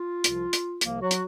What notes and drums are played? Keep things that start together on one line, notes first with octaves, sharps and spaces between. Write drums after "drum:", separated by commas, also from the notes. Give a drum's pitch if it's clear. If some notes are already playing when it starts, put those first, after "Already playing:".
Already playing: F4
C2 C3 F3, drum: hi-hat
drum: hi-hat
C2 C3 F3 A#3, drum: hi-hat
F#3 F#4
drum: hi-hat